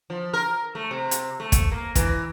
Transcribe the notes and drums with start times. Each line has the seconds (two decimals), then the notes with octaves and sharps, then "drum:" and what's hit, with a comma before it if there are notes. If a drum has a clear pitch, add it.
0.10 F3
0.33 A#4
0.75 A3
0.91 C3
1.11 drum: hi-hat
1.40 A3
1.52 drum: kick, hi-hat
1.71 A#3
1.95 E3, drum: kick, hi-hat